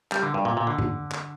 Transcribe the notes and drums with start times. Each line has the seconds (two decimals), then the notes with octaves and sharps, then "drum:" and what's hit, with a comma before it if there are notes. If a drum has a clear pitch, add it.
0.12 G3, drum: clap
0.23 D3
0.34 G2
0.45 A#2
0.57 A#2
0.67 D3
0.79 drum: tom G2
1.12 drum: clap